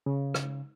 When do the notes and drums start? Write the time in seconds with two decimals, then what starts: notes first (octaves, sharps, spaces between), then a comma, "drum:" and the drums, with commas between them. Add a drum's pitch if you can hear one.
0.06 C#3
0.34 drum: rim click